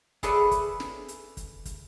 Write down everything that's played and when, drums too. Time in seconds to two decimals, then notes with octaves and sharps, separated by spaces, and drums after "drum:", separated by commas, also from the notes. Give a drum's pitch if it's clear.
0.23 G#4 A4 B4 C#5 D5 E5, drum: kick, hi-hat
0.51 drum: kick, hi-hat
0.80 drum: snare
1.08 drum: hi-hat
1.37 drum: kick, hi-hat
1.65 drum: kick, hi-hat